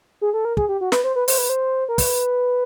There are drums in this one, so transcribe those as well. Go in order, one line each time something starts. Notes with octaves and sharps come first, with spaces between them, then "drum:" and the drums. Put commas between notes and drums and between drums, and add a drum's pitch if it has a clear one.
G#4
A4
A#4
G#4, drum: kick
G4
F#4
B4, drum: snare
C5
B4
C5, drum: open hi-hat
B4
C5
A#4
B4, drum: kick, open hi-hat